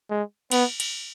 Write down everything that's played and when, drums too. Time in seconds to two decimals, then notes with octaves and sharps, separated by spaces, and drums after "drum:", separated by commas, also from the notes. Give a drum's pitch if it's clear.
0.10 G#3
0.51 B3, drum: cymbal
0.80 drum: cymbal